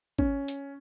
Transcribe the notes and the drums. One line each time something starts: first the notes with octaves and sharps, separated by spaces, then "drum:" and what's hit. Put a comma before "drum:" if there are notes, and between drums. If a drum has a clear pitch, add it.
C#4, drum: kick
drum: hi-hat